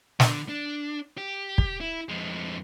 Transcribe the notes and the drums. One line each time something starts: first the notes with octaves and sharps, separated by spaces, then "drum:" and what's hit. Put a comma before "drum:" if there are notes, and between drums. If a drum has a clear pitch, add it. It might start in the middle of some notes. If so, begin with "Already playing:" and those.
D3, drum: snare
D4
G4
drum: kick
E4
F2 G#3